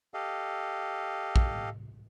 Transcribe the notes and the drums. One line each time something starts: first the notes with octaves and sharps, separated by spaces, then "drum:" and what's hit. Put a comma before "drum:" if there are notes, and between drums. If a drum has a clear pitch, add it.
G4 A4 D#5 F5
drum: kick A#1